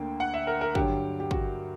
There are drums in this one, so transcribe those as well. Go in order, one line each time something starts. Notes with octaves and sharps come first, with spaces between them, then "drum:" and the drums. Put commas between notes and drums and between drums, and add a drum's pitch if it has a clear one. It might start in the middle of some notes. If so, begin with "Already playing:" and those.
Already playing: D2 D3 A#3 G5
F#5
E5
A#4
A#4
G2 D3 F#3 G4, drum: kick
G4
F#4, drum: kick